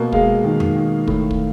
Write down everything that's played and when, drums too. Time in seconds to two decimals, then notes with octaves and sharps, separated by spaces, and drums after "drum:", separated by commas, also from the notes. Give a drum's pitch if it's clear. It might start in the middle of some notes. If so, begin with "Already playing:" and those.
Already playing: B2 A#3
0.12 G#3 F5, drum: kick
0.44 D#3
0.60 drum: tom F2
0.75 D#3
1.07 A2, drum: kick
1.31 drum: kick